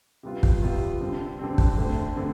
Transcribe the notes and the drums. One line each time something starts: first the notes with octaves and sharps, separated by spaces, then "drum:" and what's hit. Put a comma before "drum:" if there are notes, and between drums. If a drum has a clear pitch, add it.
C3 G3 B3 F4
drum: kick
C3 G3 B3 F4
D3 G3 C4
D3 G3 C4
drum: kick
D2 D3 A3 C4
D3 A3 C4